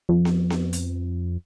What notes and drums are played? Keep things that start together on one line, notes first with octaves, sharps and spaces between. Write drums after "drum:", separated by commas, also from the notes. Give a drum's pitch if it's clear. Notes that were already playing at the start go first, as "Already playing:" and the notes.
F2
drum: snare B3
drum: snare B3
drum: hi-hat